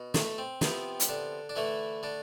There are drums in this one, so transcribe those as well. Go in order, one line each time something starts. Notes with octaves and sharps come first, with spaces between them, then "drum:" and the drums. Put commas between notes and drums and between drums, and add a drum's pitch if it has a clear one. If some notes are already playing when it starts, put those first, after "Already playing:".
Already playing: B2
A3 A4, drum: snare
C4
C3 F3 B3 C4, drum: snare
drum: hi-hat
D3 D4
D4
D3 E3 A3 E4
D3 D4